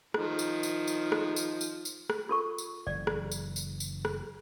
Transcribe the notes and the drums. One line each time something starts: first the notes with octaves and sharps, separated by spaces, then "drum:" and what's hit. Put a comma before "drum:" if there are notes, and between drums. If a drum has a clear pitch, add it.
D#3 F3, drum: rim click
drum: tambourine
drum: tambourine
drum: tambourine
drum: rim click
drum: tambourine
drum: tambourine
drum: tambourine
drum: rim click
F4 A4 C#6
drum: tambourine
F#1 E3 D5
drum: rim click
drum: tambourine
drum: tambourine
drum: tambourine
drum: rim click